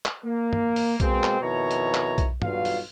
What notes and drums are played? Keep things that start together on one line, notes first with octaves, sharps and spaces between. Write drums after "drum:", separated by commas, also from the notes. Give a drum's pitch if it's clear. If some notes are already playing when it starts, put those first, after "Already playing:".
drum: clap
A#3
drum: tom
drum: open hi-hat
B2 G#3 A#3 C4, drum: kick B1, hi-hat
drum: clap
F2 B2 D#3 E4 C#5 A#5
drum: hi-hat
drum: clap
drum: kick B1, hi-hat
B1 G2 F4 F#4 F5, drum: tom
drum: open hi-hat